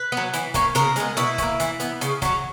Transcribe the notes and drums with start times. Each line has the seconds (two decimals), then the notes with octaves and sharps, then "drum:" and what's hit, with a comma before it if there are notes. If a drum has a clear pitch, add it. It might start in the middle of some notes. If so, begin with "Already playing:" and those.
Already playing: B4
0.12 F#3 B3
0.34 E3, drum: hi-hat
0.54 A#3 C#4, drum: kick, hi-hat
0.75 C#3 A#4, drum: hi-hat
0.96 G#3 B3, drum: hi-hat
1.17 B2 E4, drum: hi-hat
1.38 C#4, drum: kick, hi-hat
1.43 A#3
1.60 E3, drum: hi-hat
1.80 B3, drum: hi-hat
2.01 C#3, drum: hi-hat
2.22 F#3 C#4, drum: kick, hi-hat